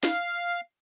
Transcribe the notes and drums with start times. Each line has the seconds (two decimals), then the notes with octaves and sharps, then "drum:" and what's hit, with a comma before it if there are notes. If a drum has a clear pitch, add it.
0.03 F5, drum: snare